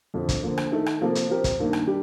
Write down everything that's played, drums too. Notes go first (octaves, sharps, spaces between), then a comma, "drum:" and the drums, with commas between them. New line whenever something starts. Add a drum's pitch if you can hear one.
F2 D3 F3
drum: kick, hi-hat
D3 F3 A#3
drum: rim click
D#3 A3 D#4 A4
drum: rim click
C3 F3 A#3 F4 A4
drum: hi-hat
F3 C4 G4 A#4
drum: kick, hi-hat
G2 D#3 A#3 D4
drum: rim click
G3 D4 G4